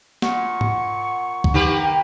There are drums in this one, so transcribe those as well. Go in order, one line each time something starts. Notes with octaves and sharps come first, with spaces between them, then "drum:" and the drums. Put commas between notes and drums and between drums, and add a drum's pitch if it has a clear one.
A#2 F#5 C#6, drum: snare
drum: tom G#2
drum: kick
D#3 A#3 G4 B4